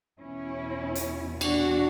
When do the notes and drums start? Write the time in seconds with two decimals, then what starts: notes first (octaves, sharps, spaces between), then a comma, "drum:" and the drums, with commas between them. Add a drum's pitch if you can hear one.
0.21 E2 B2 C#4 E4
0.95 drum: hi-hat
1.41 D4 F#4, drum: cymbal